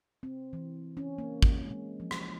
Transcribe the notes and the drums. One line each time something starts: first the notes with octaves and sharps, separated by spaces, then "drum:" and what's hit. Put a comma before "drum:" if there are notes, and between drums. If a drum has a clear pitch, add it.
C4
E3
C#4
A#3
drum: kick
G#3
F3
drum: rim click